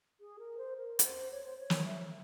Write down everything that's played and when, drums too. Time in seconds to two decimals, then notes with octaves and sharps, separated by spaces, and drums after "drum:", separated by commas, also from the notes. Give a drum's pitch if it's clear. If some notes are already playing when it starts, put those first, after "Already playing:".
0.20 G#4
0.39 A#4
0.58 C5
0.76 A#4
0.99 C#5, drum: hi-hat
1.04 C5
1.31 C#5
1.45 C5
1.58 C#5
1.70 drum: snare
1.86 E5